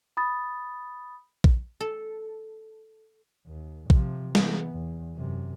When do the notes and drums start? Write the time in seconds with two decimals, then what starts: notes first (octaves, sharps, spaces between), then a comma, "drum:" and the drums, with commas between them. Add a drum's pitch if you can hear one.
0.17 B5 D#6 A6
1.44 drum: kick A#1
1.80 A4
3.47 D#2
3.90 C3 F3, drum: kick A#1
4.35 E3 B3, drum: snare
4.71 E2
5.16 F#2 C3